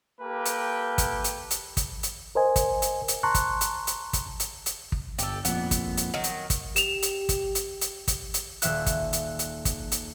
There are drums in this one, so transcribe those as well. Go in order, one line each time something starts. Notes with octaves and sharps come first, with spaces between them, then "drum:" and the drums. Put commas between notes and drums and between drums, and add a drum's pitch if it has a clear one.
A#3 G4 A4 B4 G5
drum: hi-hat
drum: kick, hi-hat
drum: hi-hat
drum: hi-hat
drum: kick, hi-hat
drum: hi-hat
A#4 C5 D#5 G#5
drum: kick, hi-hat
drum: hi-hat
drum: hi-hat
A5 A#5 C6 C#6 F#6
drum: kick, hi-hat
drum: hi-hat
drum: hi-hat
drum: kick, hi-hat
drum: hi-hat
drum: hi-hat
drum: kick
G1 G4 A4, drum: hi-hat
F2 A#2 B3, drum: hi-hat
drum: kick, hi-hat
drum: hi-hat
D#3 F#3
drum: hi-hat
drum: kick, hi-hat
G4 E7 F7, drum: hi-hat
drum: hi-hat
drum: kick, hi-hat
drum: hi-hat
drum: hi-hat
drum: kick, hi-hat
drum: hi-hat
D#1 E5 F#6, drum: hi-hat
drum: kick, hi-hat
drum: hi-hat
drum: hi-hat
drum: kick, hi-hat
drum: hi-hat